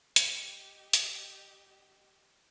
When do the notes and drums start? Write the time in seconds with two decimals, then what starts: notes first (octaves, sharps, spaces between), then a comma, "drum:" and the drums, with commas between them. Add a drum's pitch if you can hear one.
0.16 G4 D#5, drum: hi-hat
0.93 drum: hi-hat